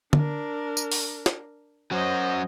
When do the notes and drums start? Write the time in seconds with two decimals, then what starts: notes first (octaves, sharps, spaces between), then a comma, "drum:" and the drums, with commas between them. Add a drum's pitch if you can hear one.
0.13 D4 A#4, drum: tom
0.77 drum: tambourine
0.92 drum: open hi-hat
1.26 drum: snare
1.91 F#3 C#4 F#4 C5 D#5